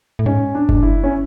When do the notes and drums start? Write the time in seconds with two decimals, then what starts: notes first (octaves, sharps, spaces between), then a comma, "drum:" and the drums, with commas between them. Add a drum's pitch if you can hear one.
0.19 A2
0.26 G#2 C#4
0.55 D4
0.69 G#2, drum: kick F#1
0.75 D4
0.83 E4
1.04 C#4